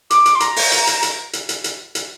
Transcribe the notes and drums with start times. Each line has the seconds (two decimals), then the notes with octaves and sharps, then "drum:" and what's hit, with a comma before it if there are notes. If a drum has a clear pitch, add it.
0.10 D6, drum: hi-hat
0.26 drum: hi-hat
0.35 C6
0.40 A#5, drum: hi-hat
0.56 drum: open hi-hat
0.72 drum: hi-hat
0.87 drum: hi-hat
1.03 drum: hi-hat
1.33 drum: hi-hat
1.49 drum: hi-hat
1.64 drum: hi-hat
1.95 drum: hi-hat